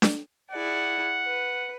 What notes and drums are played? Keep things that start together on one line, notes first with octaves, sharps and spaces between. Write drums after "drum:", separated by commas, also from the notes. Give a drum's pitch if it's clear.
drum: snare D4
E4 G#4 D5 F#5
B4